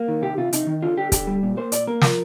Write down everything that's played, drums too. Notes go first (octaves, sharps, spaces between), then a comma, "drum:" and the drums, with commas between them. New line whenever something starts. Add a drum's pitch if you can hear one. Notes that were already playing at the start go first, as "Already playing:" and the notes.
Already playing: A#3
D#3
C3 G4
C3 F4
C3 D#4, drum: hi-hat
D#3
D3 F4
D3 G4
D3 G4, drum: kick, hi-hat
G3
A#2
A#3 C5
A#2 D5, drum: hi-hat
A#3 A#4
F3, drum: snare